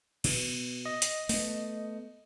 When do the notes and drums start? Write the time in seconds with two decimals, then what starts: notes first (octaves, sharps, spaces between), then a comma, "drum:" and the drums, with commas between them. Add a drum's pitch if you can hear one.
0.24 B2 B3, drum: cymbal
0.86 D#5
1.02 drum: hi-hat
1.29 A3 B3, drum: open hi-hat